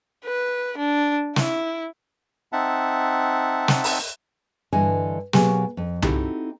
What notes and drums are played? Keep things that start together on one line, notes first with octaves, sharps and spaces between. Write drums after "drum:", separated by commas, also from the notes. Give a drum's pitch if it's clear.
B4
D4
E4, drum: snare
C4 D#4 E5 F#5 A5
drum: snare
drum: open hi-hat
G2 D3 E3 D#5 G#5
B2 F#3 A#3 G4 G#4 G#5, drum: snare
F2
C4 D#4 E4 F#4 G4 A4, drum: tom C2